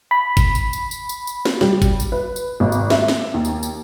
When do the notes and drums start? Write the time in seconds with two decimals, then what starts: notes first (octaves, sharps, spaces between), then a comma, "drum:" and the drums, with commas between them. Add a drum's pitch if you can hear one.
0.11 B5
0.37 drum: kick, tambourine
0.55 drum: tambourine
0.73 drum: tambourine
0.91 drum: tambourine
1.09 drum: tambourine
1.27 drum: tambourine
1.45 drum: snare
1.61 G3, drum: snare
1.82 drum: kick, tambourine
2.00 drum: tambourine
2.12 B4
2.36 drum: tambourine
2.60 G#1
2.72 drum: tambourine
2.90 E5, drum: snare
3.08 drum: snare
3.34 D#2
3.45 drum: tambourine
3.63 drum: tambourine